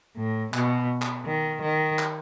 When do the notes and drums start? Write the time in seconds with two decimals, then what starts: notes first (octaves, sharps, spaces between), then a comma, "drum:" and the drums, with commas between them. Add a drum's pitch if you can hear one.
0.17 A2
0.54 B2, drum: clap
1.02 drum: clap
1.26 D#3
1.62 D#3
1.99 drum: clap